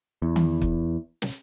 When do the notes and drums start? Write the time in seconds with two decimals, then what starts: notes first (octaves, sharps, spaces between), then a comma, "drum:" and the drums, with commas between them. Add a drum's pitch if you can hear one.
0.22 E2
0.36 drum: tom D#3
0.62 drum: kick
1.22 drum: snare